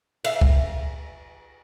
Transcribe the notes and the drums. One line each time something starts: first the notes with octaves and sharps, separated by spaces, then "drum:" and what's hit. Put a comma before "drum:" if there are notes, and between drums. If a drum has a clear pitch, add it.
E5 F5, drum: cymbal
drum: kick C#2